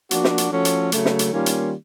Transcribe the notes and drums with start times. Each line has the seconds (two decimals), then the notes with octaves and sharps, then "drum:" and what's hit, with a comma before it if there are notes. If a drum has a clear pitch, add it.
0.11 F3 A#3 D4 F#4, drum: hi-hat
0.24 drum: snare
0.38 drum: hi-hat
0.51 F3 A3 C#4 F#4 A4
0.65 drum: hi-hat
0.92 C#3 F#3 A3, drum: hi-hat
1.05 drum: snare
1.19 drum: hi-hat
1.32 D#3 G3 A#3 C#4 F4
1.46 drum: hi-hat